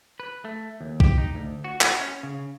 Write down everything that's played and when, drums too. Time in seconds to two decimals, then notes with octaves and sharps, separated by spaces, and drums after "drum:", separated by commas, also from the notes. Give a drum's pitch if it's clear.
0.20 B4
0.45 A3
0.81 D#2
1.00 G4, drum: kick
1.18 D#4
1.35 D2
1.64 F#4
1.81 F#4, drum: clap
2.00 C#4
2.23 C#3